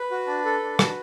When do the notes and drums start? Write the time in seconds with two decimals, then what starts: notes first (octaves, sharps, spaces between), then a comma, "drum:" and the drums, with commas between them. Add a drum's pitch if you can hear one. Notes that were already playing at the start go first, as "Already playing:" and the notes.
Already playing: B4
0.11 F#4
0.27 D4
0.45 A4
0.62 D4
0.79 F#4, drum: rim click